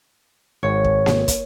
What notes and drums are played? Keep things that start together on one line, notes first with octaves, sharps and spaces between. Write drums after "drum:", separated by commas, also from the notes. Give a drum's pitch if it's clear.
G#1 C#5
drum: kick
drum: snare A#3
drum: kick, hi-hat